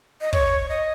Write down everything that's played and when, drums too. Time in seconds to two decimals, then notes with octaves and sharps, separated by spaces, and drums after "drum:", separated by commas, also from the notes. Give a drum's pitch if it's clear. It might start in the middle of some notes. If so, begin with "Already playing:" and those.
0.21 D#5
0.33 C#5, drum: kick
0.69 D#5